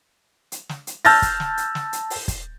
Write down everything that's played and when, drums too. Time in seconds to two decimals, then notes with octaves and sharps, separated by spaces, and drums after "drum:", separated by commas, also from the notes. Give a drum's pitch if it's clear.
0.52 drum: hi-hat
0.69 drum: snare
0.87 drum: hi-hat
1.05 A5 E6 F6 G6 A6 A#6, drum: open hi-hat
1.22 drum: kick, hi-hat
1.40 drum: snare
1.57 drum: hi-hat
1.75 drum: snare
1.93 drum: hi-hat
2.10 drum: open hi-hat
2.28 drum: kick, hi-hat